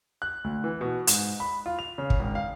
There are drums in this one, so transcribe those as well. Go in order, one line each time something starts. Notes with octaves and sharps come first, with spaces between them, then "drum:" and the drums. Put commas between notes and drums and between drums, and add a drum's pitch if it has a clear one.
F#6
D2
E3
B2
G#2, drum: hi-hat
B5
F4
F7
C#3
drum: kick
G#1
F5